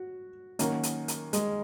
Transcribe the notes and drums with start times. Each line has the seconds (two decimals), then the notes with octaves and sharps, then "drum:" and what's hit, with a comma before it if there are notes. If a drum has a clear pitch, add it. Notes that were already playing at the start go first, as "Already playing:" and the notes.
Already playing: F#4
0.59 D#3 F#3 A#3 C#4 F#4, drum: hi-hat
0.83 drum: hi-hat
1.08 drum: hi-hat
1.33 G#3, drum: hi-hat